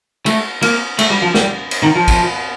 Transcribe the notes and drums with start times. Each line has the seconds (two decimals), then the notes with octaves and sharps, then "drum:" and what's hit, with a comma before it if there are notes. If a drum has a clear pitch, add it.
0.26 A3, drum: cymbal
0.62 A#3, drum: cymbal
0.99 A3, drum: cymbal
1.10 G3
1.22 F3
1.34 G3, drum: snare
1.71 drum: cymbal
1.83 D#3
1.96 F3
2.08 drum: kick, cymbal